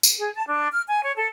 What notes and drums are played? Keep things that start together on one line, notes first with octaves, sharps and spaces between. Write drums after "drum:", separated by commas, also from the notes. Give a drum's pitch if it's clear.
drum: tambourine
G#4
A5
D4
F6
G#5
C#5
A4